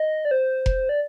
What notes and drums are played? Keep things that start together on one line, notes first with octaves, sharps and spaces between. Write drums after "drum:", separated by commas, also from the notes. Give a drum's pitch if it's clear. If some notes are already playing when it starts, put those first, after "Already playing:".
Already playing: D#5
D5
C5
drum: kick F1
D5